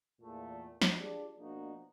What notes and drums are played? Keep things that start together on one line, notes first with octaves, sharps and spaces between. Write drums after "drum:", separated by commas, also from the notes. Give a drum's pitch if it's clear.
E2 A#2 A3
drum: snare
D4 F4 G4 G#4 D5
B2 F3 A#3 D4 D#4 F#4